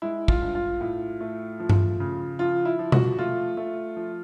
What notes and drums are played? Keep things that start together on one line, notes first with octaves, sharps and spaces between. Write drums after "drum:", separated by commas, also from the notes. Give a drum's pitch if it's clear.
G#3 E4
F4, drum: kick
G2
F4
A2
A3
F3
drum: tom G2
C#3
F3 F4
E4
F3
F#4, drum: tom B2
A3 F4
A3
F3